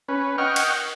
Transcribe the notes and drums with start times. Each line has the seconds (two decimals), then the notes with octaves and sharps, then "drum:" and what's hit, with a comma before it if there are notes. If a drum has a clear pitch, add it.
0.08 C#4 B4
0.38 D#5 F#5 G5 C#6 F6
0.56 drum: cymbal